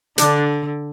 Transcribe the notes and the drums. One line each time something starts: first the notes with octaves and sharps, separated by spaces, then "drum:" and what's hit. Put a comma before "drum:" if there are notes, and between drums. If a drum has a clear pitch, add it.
D3 D4, drum: hi-hat